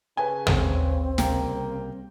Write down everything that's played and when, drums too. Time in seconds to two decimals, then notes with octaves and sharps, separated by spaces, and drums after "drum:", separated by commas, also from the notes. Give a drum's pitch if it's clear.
0.17 C#3 B4 G#5
0.47 C4, drum: tom
1.18 C2 C#3 G3 A#3 G5 A#5, drum: snare